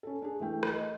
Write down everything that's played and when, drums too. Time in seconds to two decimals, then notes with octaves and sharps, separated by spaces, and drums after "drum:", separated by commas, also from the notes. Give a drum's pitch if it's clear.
0.03 C#4 A4
0.22 D4 G#4
0.40 E3 A3 G5
0.63 drum: rim click
0.73 D#5